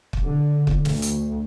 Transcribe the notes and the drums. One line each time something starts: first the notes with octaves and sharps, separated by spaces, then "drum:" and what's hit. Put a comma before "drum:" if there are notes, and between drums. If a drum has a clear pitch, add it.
drum: kick
D3
drum: kick
D2, drum: snare
drum: hi-hat